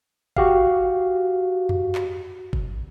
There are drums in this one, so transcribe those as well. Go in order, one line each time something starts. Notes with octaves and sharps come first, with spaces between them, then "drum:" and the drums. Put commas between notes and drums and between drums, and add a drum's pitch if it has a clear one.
F#4 G4 F5, drum: kick G1
drum: tom F2
drum: clap
drum: kick G1